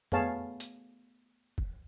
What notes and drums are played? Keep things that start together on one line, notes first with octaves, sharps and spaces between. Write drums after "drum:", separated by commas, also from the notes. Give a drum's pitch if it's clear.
A3 B3 G#4 C#5 F5 A5, drum: tom F2
drum: hi-hat
drum: kick